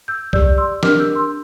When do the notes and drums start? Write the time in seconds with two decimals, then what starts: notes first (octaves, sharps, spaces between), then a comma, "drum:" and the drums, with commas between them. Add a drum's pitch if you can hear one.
0.08 E6 G6
0.33 G4 D5 E6 G6, drum: kick C2
0.58 C6 E6
0.83 D4 G4 A#4 D6 F6, drum: snare
0.99 E6 G6
1.15 C6 E6